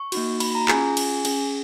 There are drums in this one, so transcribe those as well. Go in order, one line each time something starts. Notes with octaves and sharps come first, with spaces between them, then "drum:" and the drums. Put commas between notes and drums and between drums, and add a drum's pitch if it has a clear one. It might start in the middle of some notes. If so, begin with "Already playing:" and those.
Already playing: C#6
A#3 D#4 F#4, drum: cymbal
B5, drum: cymbal
A#5
C#4 F4 G#4 G#5, drum: clap
drum: cymbal
C#4 G#4, drum: cymbal